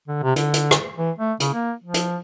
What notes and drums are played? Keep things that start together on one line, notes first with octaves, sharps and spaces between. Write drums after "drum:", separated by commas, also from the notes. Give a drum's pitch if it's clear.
D3
C3
D3, drum: hi-hat
drum: hi-hat
drum: rim click
E3
A3
C#3, drum: hi-hat
A#3
F3
drum: hi-hat